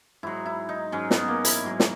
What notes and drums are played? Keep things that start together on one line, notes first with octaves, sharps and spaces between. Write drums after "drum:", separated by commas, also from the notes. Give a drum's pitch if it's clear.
G#2 F#3 E4
E4
D#4
G#2 F#3 C#4
B3, drum: snare
A#3
E4, drum: hi-hat
G#2 F#3
drum: snare